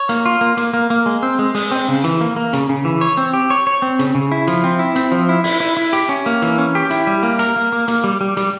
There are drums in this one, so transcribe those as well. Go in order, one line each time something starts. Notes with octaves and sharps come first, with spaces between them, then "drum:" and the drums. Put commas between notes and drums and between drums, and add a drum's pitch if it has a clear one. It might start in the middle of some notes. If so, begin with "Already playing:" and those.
Already playing: C#5
A#3, drum: hi-hat
F4
A#3
A#3, drum: hi-hat
A#3
A#3
G#3
C4
G#3
G#3, drum: open hi-hat
C4
C#3
E3, drum: hi-hat
A#3
A#3
C#3, drum: hi-hat
C#3
E3
C#5
C4
G4
C#5
C#5
C4
C#3, drum: hi-hat
C#3
E4
F3, drum: hi-hat
C4
E4
C4, drum: hi-hat
F3
E4
E4, drum: open hi-hat
E4
E4
G4, drum: hi-hat
C#4
A#3
E3, drum: hi-hat
C#4
G4
E4, drum: hi-hat
G3
A#3
A#4, drum: hi-hat
A#3
A#3
A#3, drum: hi-hat
G3
G3
G3, drum: hi-hat